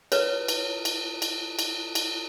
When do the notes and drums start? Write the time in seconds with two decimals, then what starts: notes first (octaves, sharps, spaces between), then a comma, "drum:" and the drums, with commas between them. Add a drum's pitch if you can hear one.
0.12 B4 C#5, drum: cymbal
0.48 drum: cymbal
0.85 drum: cymbal
1.22 drum: cymbal
1.59 drum: cymbal
1.95 drum: cymbal